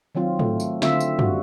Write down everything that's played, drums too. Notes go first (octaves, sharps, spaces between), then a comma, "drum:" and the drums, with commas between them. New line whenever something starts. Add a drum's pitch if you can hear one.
D#3 F#3 C4 F4
A3, drum: tom
drum: tambourine
D3 C4 F4 E5, drum: snare
drum: tambourine
G3 F#4, drum: tom